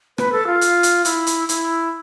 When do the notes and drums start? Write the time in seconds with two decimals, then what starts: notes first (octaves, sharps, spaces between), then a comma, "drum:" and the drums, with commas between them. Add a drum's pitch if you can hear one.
0.18 B4, drum: rim click
0.32 A4
0.47 F4
0.61 drum: hi-hat
0.83 drum: hi-hat
1.05 E4, drum: hi-hat
1.27 drum: hi-hat
1.49 E4, drum: hi-hat